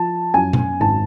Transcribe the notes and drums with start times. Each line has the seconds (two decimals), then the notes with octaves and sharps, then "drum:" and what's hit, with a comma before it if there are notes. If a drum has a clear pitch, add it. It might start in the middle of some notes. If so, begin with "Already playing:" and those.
Already playing: F3 A5
0.34 F#2 G#5
0.53 drum: tom B2
0.80 G#1 A5